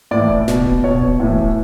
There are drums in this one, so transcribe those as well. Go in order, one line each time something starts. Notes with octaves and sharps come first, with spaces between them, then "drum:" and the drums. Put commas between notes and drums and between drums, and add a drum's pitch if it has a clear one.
A2 E3 D5
drum: kick D1
B2, drum: snare
drum: kick D1
B2 C#5
drum: kick D1
A2 E3
drum: kick D1